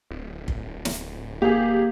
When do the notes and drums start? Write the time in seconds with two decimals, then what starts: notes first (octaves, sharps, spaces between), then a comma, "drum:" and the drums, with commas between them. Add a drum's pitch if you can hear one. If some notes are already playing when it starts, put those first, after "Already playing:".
0.11 D1
0.48 drum: kick
0.85 drum: snare
1.42 A#3 G4 G#4